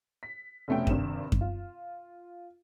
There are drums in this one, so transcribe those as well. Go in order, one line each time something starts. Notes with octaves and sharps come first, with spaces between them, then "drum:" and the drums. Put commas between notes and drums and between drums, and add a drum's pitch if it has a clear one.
B6
F1 B2 A3 C#4 G5
G#1 G2 C3 E7, drum: kick F#2
drum: kick F#2
F4